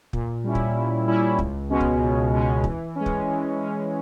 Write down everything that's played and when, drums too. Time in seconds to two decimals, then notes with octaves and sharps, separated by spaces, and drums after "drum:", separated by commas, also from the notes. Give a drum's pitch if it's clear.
0.13 A#2, drum: kick
0.44 G3 C#4 E4
0.55 drum: kick
0.76 A#2
1.07 G3 C#4 E4
1.39 C#2, drum: kick
1.70 B2 G#3 C#4
1.80 drum: kick
2.02 C#2
2.33 B2 G#3 C#4
2.64 E3, drum: kick
2.96 G#3 C#4
3.06 drum: kick
3.26 E3
3.58 G#3 C#4